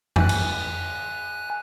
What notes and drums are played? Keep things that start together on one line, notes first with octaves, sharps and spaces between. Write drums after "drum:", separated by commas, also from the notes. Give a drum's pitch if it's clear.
G#5 F#6, drum: tom F2
drum: cymbal